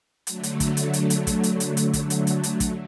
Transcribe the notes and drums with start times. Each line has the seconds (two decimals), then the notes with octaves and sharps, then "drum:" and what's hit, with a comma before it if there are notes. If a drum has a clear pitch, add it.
0.27 D3 F#3 A3, drum: hi-hat
0.43 drum: hi-hat
0.60 drum: kick, hi-hat
0.77 drum: hi-hat
0.93 drum: hi-hat
1.10 drum: hi-hat
1.27 drum: kick, hi-hat
1.43 drum: hi-hat
1.60 drum: hi-hat
1.77 drum: hi-hat
1.93 drum: kick, hi-hat
2.10 drum: hi-hat
2.27 drum: hi-hat
2.43 drum: hi-hat
2.60 drum: kick, hi-hat